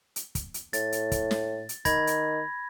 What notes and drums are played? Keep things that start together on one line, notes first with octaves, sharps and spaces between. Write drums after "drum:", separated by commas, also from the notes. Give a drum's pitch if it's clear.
drum: hi-hat
drum: kick, hi-hat
drum: hi-hat
A2 A6, drum: hi-hat
drum: hi-hat
drum: kick, hi-hat
drum: snare
drum: hi-hat
D#3 B5 G#6 A#6, drum: kick, hi-hat
drum: hi-hat